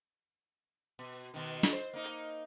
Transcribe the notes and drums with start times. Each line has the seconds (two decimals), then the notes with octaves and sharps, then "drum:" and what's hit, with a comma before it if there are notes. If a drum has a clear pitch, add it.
0.99 B2
1.34 B2 D#3
1.63 drum: snare
1.73 C5
1.93 A#3 D#4
2.04 drum: hi-hat